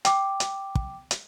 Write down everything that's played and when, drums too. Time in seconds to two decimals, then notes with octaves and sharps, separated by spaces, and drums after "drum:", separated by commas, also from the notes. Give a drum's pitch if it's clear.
0.05 G5 D6, drum: hi-hat
0.40 drum: hi-hat
0.75 drum: kick
1.11 drum: hi-hat